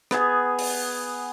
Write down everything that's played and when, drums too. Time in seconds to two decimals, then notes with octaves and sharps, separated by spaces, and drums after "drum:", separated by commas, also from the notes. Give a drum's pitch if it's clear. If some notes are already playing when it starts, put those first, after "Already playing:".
0.11 B3 G#4, drum: rim click
0.59 drum: open hi-hat